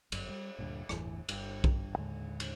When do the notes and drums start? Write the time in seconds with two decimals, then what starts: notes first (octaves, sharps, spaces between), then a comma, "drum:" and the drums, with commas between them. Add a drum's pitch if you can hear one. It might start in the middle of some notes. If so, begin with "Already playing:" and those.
0.12 G1 F#2, drum: cymbal
0.29 G3
0.58 D2 G2 A#2
0.89 G1 E2 A2 E3, drum: rim click
1.29 G1 G2, drum: cymbal
1.64 drum: kick B1
1.97 D#2 A2 D3 G#3
2.40 drum: cymbal